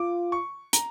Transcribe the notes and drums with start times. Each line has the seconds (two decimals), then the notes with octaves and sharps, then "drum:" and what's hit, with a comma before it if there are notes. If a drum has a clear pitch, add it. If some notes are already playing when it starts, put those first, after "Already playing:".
Already playing: F4 D6
0.32 C#6
0.73 A#5, drum: hi-hat